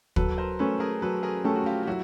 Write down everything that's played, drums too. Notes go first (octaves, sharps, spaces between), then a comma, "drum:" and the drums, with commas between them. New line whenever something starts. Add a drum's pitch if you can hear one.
F#3 A4 B4, drum: kick
A#4 C5
A3 C#4 A4 B4
G#4 A#4
F#3 A4 B4
G#4 A#4
A3 C#4 G4 A4
F#4
F4 G4
G4
F#3 E4 F#4